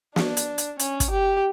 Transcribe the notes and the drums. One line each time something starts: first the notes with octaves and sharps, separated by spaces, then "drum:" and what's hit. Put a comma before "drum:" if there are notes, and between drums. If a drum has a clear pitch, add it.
D4, drum: snare
drum: hi-hat
drum: hi-hat
C#4, drum: hi-hat
drum: kick, hi-hat
G4